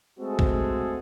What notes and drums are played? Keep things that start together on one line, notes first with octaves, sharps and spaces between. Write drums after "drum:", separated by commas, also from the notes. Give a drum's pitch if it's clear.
G#3 A3 C4 F#4 G#4 A4
drum: kick